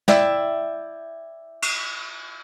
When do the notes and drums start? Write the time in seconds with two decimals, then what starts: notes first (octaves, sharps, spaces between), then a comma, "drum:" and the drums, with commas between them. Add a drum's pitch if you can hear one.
0.08 E4 D5 E5 G5, drum: snare
1.62 drum: cymbal